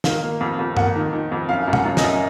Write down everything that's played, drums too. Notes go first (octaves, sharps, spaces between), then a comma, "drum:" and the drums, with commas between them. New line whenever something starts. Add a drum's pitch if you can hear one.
D#3 F5, drum: snare
A#3
F2
F2
A#3 F#5, drum: tom
D#3
D#3
F2
F#2 F5
F#2
F#5, drum: tom
F#2
D#5, drum: snare
F#2